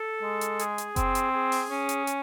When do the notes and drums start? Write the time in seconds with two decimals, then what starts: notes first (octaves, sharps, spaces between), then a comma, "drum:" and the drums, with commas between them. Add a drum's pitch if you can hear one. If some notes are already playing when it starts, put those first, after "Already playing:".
Already playing: A4
0.22 G#3
0.41 drum: hi-hat
0.59 G#4, drum: hi-hat
0.78 drum: hi-hat
0.96 C4, drum: kick F#1, hi-hat
1.15 drum: hi-hat
1.33 G#4
1.52 drum: open hi-hat
1.70 C#4
1.89 drum: hi-hat
2.07 drum: hi-hat